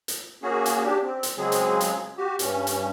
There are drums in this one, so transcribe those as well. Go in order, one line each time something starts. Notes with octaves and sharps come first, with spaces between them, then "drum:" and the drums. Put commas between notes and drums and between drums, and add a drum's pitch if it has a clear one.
drum: hi-hat
A#3 C#4 F#4 G#4
drum: hi-hat
D4 G4
C4
drum: hi-hat
C#3 F#3 G#3 C4 G#4
drum: hi-hat
drum: hi-hat
F#4 G4
G2 C#4, drum: hi-hat
drum: hi-hat